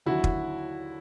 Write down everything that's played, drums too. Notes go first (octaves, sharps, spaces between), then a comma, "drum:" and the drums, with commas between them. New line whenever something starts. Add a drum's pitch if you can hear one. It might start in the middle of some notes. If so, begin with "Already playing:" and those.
D#2 D3 F#3 E4 F#4
drum: kick